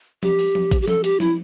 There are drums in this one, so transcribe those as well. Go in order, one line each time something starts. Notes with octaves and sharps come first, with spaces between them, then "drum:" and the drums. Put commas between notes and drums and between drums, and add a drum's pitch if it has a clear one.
G4, drum: tom F3
drum: open hi-hat
drum: tom F3
drum: kick A1, hi-hat
G4
A4, drum: tom F3
G4, drum: hi-hat
E4, drum: tom F3